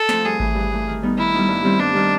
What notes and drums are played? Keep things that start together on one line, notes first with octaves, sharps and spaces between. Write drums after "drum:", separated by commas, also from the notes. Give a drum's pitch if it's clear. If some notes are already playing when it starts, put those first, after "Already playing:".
Already playing: A4
F3 A3 C4, drum: snare
G2 G#4
E3 A3, drum: kick G#1
G2
E3 A3
D#3
G3 B3 D#4
D#3 E4
G3 B3 D#4
G2
D#3 G3 C4
G2 D4
D#3 G3 C4